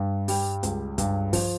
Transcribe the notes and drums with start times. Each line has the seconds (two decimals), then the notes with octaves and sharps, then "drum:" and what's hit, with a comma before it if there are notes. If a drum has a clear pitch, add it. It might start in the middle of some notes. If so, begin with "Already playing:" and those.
Already playing: G2
0.28 G3, drum: open hi-hat
0.63 C#2, drum: hi-hat
0.98 G2, drum: kick, hi-hat
1.33 F3, drum: kick, open hi-hat